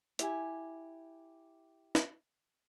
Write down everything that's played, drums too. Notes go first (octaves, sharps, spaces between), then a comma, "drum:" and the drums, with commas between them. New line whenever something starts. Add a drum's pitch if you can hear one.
E4 G4 G#5, drum: hi-hat
drum: snare